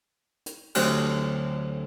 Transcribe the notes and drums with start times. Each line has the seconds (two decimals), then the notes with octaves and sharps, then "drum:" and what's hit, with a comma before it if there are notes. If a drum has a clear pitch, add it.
0.46 drum: hi-hat
0.75 D2 D3 F#3 C4 G4 D#6, drum: cymbal